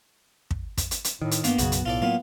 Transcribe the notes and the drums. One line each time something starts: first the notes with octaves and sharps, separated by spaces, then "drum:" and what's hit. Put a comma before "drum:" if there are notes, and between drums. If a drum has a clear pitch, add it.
drum: kick
drum: kick, hi-hat
drum: hi-hat
drum: hi-hat
A2 D#3
drum: hi-hat
G2 A#3 B3 G4, drum: hi-hat
B1 F#2 C#3 F#4, drum: hi-hat
drum: hi-hat
B1 A2 F4 A4 D5
F#3 A#3 B3 F4